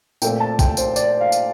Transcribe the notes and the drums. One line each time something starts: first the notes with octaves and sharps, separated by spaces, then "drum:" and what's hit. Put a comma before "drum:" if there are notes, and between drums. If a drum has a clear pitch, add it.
A#2 A3 C4 G5, drum: tambourine
A5
G5, drum: kick, tambourine
C5, drum: tambourine
D5, drum: tambourine
F5
drum: tambourine